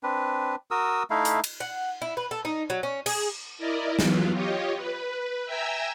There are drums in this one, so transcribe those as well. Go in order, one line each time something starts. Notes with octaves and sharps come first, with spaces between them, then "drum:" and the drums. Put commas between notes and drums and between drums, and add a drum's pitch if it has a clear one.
C4 D4 B4
F#4 A#4 D#6 E6
A3 D#4 E4 F5
drum: hi-hat
drum: cymbal
F#5
E4
B4
A4
D#4
F#3
C#4
G#4, drum: cymbal
E4 A#4 D5 D#5
E3 F#3 B3 F4, drum: snare
F4 G4 C#5 D#5
B4
E5 G5 G#5 A#5 E6